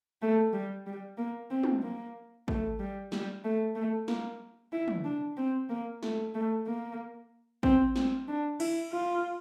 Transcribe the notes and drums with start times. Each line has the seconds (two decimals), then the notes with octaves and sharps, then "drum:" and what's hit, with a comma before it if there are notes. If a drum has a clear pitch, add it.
0.22 A3
0.53 G3
0.87 G3
1.18 A#3
1.51 C4
1.63 drum: tom
1.83 A#3
2.48 A3, drum: kick
2.80 G3
3.12 G3, drum: snare
3.45 A3
3.76 A3
4.08 A#3, drum: snare
4.73 E4
4.88 drum: tom
5.05 D4
5.37 C4
5.70 A#3
6.03 A3, drum: snare
6.35 A3
6.66 A#3
7.63 C4, drum: kick
7.96 C4, drum: snare
8.28 D4
8.60 E4, drum: cymbal
8.92 F4